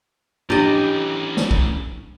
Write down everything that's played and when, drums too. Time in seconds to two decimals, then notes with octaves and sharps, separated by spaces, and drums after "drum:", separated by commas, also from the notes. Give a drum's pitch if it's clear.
0.50 E3 C#4 D4 G4 D#5, drum: tom
1.37 drum: snare
1.51 drum: kick